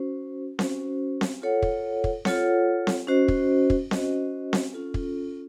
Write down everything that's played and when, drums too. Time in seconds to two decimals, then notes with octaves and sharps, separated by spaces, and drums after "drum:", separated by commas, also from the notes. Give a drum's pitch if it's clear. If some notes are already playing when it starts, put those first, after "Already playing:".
Already playing: C#4 F#4 C5
0.59 C#4 F#4 C5, drum: snare C4
1.21 drum: snare C4
1.42 F4 A4 C#5 F#5
1.62 drum: kick
2.04 drum: kick
2.25 F4 A4 C#5 F#5, drum: snare C4
2.87 drum: snare C4
3.07 C#4 F#4 C5 D#5
3.28 drum: kick
3.70 drum: kick
3.91 C#4 F#4 C5 D#5, drum: snare C4
4.53 drum: snare C4
4.73 C#4 F4 A4
4.94 drum: kick